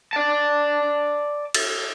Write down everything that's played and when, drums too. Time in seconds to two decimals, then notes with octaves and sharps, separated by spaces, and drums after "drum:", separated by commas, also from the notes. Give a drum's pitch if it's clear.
0.13 D5 A5
1.54 drum: cymbal